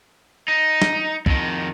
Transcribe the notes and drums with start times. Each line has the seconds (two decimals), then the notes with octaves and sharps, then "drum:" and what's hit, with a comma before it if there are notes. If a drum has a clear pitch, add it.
0.48 D#4
0.82 drum: snare
1.26 F2 D#3, drum: kick C#2